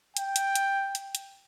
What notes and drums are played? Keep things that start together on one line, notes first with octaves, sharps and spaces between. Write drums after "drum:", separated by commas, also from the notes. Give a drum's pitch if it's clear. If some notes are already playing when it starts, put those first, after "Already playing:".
G5, drum: hi-hat
drum: hi-hat
drum: hi-hat
drum: hi-hat
drum: hi-hat